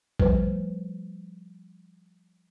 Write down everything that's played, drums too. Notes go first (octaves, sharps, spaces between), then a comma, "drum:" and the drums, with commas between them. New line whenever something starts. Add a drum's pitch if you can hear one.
F3 G3 A3 B4 C5, drum: kick